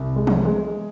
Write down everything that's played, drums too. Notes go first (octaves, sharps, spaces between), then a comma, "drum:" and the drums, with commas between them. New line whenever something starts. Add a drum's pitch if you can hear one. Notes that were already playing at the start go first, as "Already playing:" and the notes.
Already playing: C2
G#3
drum: tom E3
G#3